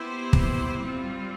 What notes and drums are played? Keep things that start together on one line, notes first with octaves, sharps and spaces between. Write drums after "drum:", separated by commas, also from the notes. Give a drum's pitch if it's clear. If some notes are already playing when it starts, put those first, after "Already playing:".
Already playing: B3 E4 G4 C5
drum: kick
G3 C4 F4